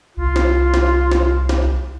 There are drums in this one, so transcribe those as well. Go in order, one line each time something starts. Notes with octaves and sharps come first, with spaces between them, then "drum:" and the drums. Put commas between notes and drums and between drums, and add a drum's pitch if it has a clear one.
C2 F4
drum: snare
drum: snare
drum: snare
drum: snare